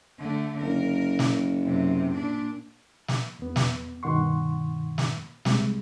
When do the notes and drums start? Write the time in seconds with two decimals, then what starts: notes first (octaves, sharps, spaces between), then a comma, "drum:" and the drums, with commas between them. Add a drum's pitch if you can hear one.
0.19 D3 A3
0.61 F#1 A#4
1.19 drum: snare
1.63 F#2 C3
2.15 A#2 D4
3.08 drum: snare
3.39 E2 B3
3.56 drum: snare
4.03 G2 B2 D#3 F#5 C6 C#6
4.98 drum: snare
5.45 C2 C3 G3 G#3, drum: snare